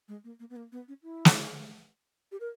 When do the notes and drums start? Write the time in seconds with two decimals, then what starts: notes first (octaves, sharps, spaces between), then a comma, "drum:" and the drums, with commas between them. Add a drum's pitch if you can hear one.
0.08 G#3
0.24 A#3
0.40 A#3
0.50 B3
0.56 A#3
0.72 B3
0.88 C#4
1.03 E4
1.25 drum: snare
2.32 G4
2.40 A#4